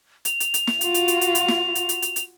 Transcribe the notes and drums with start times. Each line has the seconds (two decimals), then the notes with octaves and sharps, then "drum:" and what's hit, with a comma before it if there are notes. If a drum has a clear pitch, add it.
0.25 F7, drum: hi-hat
0.40 drum: hi-hat
0.54 drum: hi-hat
0.67 drum: snare
0.81 F4 F#4, drum: hi-hat
0.94 drum: hi-hat
1.08 drum: hi-hat
1.21 drum: hi-hat
1.35 drum: hi-hat
1.48 drum: snare
1.75 drum: hi-hat
1.89 drum: hi-hat
2.02 drum: hi-hat
2.16 drum: hi-hat